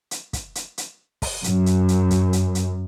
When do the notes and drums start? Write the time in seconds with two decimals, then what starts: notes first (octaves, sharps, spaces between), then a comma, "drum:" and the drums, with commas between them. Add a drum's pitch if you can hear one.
0.11 drum: hi-hat
0.33 drum: kick, hi-hat
0.55 drum: hi-hat
0.78 drum: hi-hat
1.22 drum: kick, open hi-hat
1.44 F#2, drum: hi-hat
1.66 drum: hi-hat
1.88 drum: hi-hat
2.11 drum: kick, hi-hat
2.33 drum: hi-hat
2.55 drum: hi-hat